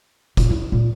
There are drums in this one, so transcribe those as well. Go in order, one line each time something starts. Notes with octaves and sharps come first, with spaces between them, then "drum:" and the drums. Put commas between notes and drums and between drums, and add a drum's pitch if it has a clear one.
A#2, drum: kick, hi-hat
E4
A#2